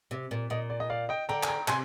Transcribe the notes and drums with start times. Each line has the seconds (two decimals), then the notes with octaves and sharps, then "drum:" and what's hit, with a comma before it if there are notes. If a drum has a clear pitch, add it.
0.11 C3
0.31 A#2
0.50 A#2 D#5
0.70 D5
0.80 D#5
0.90 D5 F5
1.09 D#5 G5
1.29 D3 G5 A#5
1.43 G#5, drum: clap
1.48 G5 A#5
1.68 C3 G#5 C6, drum: clap